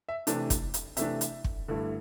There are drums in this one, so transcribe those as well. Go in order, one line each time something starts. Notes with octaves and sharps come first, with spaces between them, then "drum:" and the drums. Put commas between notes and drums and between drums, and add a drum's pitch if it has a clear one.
E5
C3 E3 A3 D4, drum: hi-hat
drum: kick, hi-hat
drum: hi-hat
C3 E3 A3 D4 E5, drum: hi-hat
drum: hi-hat
drum: kick
G2 D3 A3 E4